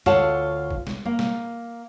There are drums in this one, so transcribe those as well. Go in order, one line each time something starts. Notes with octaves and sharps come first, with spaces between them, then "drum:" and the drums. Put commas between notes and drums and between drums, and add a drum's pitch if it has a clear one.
D2 F4 A4 C#5 F#5 A5, drum: snare
drum: kick G1
drum: snare
A#3
drum: snare